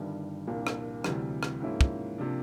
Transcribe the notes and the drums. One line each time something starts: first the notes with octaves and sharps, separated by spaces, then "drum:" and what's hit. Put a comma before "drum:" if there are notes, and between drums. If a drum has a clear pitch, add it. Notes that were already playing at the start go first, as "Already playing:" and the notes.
Already playing: G1 G2 D#3 G3
C2 A#2 F3 A#3 D4
drum: rim click
D2 C3 E3 G3, drum: rim click
drum: rim click
G#2 F3 A#3 C#4 E4
drum: kick
C3 F3 A#3 D4